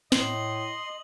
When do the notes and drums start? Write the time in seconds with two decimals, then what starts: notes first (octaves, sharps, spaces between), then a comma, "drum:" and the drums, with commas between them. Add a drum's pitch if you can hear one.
0.12 A2 D#5 C6 F#7, drum: snare